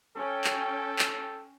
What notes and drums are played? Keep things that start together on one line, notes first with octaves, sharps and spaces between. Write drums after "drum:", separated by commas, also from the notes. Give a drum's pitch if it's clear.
C#4 A4 G5
drum: clap
drum: clap